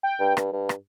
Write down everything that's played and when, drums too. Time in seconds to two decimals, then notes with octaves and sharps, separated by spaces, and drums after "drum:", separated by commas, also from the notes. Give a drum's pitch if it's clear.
0.03 G5
0.20 G2
0.37 G2, drum: rim click
0.53 G2
0.69 drum: rim click